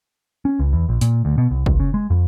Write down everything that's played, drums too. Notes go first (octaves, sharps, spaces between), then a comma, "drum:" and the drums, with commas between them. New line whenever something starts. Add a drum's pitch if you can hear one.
C#4
C#2
E2
A#1
A#2, drum: hi-hat
D2
B2
C2
C#2, drum: kick
C#3
G#3
F2